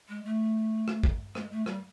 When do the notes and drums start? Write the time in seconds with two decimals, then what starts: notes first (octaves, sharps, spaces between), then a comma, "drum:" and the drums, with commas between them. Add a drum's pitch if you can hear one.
0.09 G#3
0.25 A3
0.88 drum: rim click
1.03 drum: kick
1.35 G#3, drum: rim click
1.52 A3
1.66 G3, drum: rim click